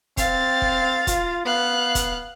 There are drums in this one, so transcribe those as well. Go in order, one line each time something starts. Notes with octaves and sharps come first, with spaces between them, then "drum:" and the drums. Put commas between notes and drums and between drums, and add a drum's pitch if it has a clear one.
C4 F5 A6, drum: kick, hi-hat
drum: kick
F4, drum: kick, hi-hat
B3 F5 F#6
drum: kick, hi-hat